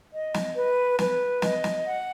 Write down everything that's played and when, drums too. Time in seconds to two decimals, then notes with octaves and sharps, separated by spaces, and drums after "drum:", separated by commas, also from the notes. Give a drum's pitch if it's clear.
0.13 D#5
0.34 drum: snare
0.56 B4
0.99 B4, drum: snare
1.42 D#5, drum: snare
1.64 drum: snare
1.85 F#5